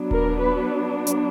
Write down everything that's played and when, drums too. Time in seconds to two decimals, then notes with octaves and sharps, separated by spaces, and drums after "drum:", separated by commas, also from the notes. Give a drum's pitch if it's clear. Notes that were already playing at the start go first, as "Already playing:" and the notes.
Already playing: F#3 B3 D4
0.11 A#4, drum: kick D#1
0.39 B4
1.07 drum: hi-hat